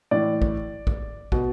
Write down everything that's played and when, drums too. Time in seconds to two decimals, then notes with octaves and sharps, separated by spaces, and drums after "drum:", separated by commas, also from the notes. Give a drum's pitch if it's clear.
0.11 A2 E3 D5
0.42 drum: kick
0.87 drum: kick
1.32 B2, drum: kick